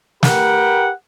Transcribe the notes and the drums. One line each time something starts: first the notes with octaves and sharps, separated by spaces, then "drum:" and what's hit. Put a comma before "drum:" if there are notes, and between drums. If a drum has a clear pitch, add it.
G4 A#4 B4 F#5 G5, drum: snare